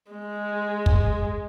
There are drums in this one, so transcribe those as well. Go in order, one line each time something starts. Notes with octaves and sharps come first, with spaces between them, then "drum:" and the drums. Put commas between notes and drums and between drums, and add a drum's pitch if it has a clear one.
G#3
drum: kick